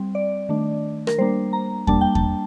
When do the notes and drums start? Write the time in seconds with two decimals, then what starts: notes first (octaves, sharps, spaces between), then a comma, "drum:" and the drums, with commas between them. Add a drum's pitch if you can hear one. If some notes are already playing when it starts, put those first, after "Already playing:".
Already playing: G3 C4
0.15 D5
0.49 D#3 A3 D4
1.07 A#4, drum: rim click
1.18 G3 A#3 D4 C5
1.53 A#5
1.87 G3 A#3 D4 A5, drum: kick E2
2.01 G5
2.15 A5, drum: kick E2